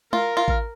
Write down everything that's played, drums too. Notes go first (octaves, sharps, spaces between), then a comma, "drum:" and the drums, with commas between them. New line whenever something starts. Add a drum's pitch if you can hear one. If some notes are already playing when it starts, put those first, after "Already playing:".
F4 A#4, drum: tom
F4
drum: kick A1